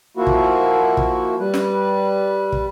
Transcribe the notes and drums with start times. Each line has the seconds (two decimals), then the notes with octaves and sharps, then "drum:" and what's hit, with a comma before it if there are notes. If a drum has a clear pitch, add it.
0.17 F3 A#3 E4 F#4
0.27 drum: kick
0.97 drum: kick
1.39 G3 B4
1.54 drum: snare
2.52 drum: kick